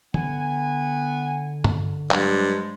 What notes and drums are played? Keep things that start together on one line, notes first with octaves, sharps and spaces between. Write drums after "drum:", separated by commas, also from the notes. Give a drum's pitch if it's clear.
D3 B3 F#5 G#5, drum: tom
drum: tom G2
G2 F3 F#3 G#3, drum: clap